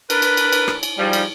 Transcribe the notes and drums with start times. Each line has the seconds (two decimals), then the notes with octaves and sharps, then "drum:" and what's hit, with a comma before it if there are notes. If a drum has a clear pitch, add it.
0.10 D4 A#4 B4, drum: cymbal
0.22 drum: cymbal
0.37 drum: cymbal
0.53 drum: cymbal
0.68 drum: rim click
0.83 drum: cymbal
0.98 G#2 F3 G3
1.13 drum: cymbal